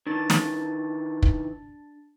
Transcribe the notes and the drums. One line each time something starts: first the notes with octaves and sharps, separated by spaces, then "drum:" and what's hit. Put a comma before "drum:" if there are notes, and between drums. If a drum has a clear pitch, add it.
D#3 E3 D4 A6
drum: snare
drum: kick